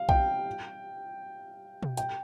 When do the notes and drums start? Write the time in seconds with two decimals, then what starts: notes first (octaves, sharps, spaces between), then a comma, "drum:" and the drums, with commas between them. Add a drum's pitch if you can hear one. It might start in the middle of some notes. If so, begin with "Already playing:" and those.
Already playing: F5
0.09 G5, drum: kick B1
1.83 drum: tom B2
1.97 G5, drum: hi-hat